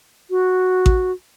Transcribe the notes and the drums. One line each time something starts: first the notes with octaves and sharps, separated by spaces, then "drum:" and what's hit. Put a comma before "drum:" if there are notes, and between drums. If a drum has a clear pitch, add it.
F#4
drum: kick A1